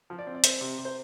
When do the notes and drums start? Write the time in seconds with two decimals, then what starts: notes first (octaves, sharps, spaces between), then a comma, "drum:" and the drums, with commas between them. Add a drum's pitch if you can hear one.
0.10 F3
0.19 D5
0.27 C4
0.35 D5
0.44 C4 C5, drum: hi-hat
0.61 C3
0.78 C3
0.85 C5